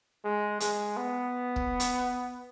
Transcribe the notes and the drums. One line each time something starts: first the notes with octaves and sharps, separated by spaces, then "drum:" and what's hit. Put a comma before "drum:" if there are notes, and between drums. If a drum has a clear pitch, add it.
G#3
G#3, drum: hi-hat
B3
drum: kick
drum: hi-hat